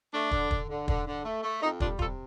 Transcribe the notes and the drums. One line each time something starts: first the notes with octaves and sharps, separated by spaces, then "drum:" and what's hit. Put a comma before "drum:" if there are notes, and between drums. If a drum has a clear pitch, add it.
A3 D4
D3, drum: kick
D3, drum: kick
D3
D3, drum: kick
D3
A3
A3
F2 D#4
G3 D4 F4, drum: kick
C3 F4 A4, drum: kick